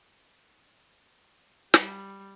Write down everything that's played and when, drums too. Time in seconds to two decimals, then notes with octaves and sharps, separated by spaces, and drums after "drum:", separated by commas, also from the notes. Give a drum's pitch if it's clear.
1.74 G3, drum: snare